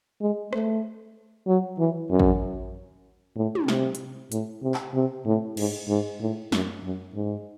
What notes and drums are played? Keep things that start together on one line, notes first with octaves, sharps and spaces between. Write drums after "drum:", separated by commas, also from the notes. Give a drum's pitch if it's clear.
G#3
A3, drum: rim click
F#3
E3
F#2
drum: kick A1
A2
drum: tom
C3, drum: snare
drum: hi-hat
A2, drum: hi-hat
C3
drum: clap
C3
A2
G#2, drum: cymbal
G#2
A2
F#2, drum: snare
F#2
G#2